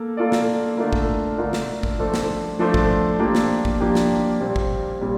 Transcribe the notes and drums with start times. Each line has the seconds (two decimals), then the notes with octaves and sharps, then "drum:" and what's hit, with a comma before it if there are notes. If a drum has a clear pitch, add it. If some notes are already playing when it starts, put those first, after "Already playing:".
Already playing: A#3 A4
0.17 A#3 F4 A4 D5
0.32 drum: snare
0.77 D3 A3 D4 F4 A#4
0.93 drum: kick
1.38 D3 A3 D4 F4 A#4
1.53 drum: snare
1.83 drum: kick
1.98 F3 A3 D4 A4 C5
2.14 drum: snare
2.59 F3 A3 D4 A4 C5
2.74 drum: kick
3.19 F3 A#3 D4 G4
3.35 drum: snare
3.65 drum: kick
3.81 F3 A#3 D4 G4
3.95 drum: snare
4.40 A#2 G3 C4
4.56 drum: kick
5.01 A#2 G3 C4